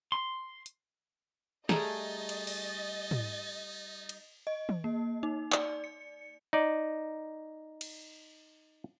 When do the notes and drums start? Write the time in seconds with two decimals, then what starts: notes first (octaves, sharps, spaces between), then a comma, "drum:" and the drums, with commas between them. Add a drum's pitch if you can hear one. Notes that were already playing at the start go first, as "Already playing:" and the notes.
0.12 C6
0.66 drum: hi-hat
1.69 G3 A3 D#4 G#4 A4 D#5 A#5 A6, drum: snare
2.29 drum: cymbal
2.47 drum: open hi-hat
3.11 drum: tom
4.09 drum: cymbal
4.47 D#5
4.69 drum: tom
4.84 A#3
5.23 D#4
5.52 D5, drum: clap
5.84 C#7
6.53 D#4 D5
7.81 drum: cymbal